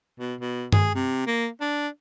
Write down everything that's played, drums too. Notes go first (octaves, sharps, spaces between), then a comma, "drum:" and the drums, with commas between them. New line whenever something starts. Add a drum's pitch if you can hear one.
B2
B2
G#4, drum: tom G2
C3
A#3
D4